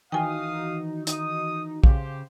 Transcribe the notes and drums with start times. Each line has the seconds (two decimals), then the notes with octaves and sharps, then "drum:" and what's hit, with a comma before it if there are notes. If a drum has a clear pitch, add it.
0.12 D#3 E3 D#4 F#4 F5 G5 G#5 D#6
1.07 D#4 D#6, drum: hi-hat
1.84 C#3 G4 C5 F5, drum: kick